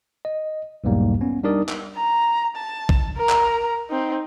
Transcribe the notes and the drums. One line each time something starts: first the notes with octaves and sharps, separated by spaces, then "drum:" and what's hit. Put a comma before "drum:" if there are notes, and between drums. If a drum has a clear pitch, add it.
D#5
B1 E2 G#2 G3 A#3
B3 C#4
G3 D4 D#4 A#4 D5 D#6
drum: clap
A#5
A5
drum: kick
A#4 A#5
drum: clap
C4 D#4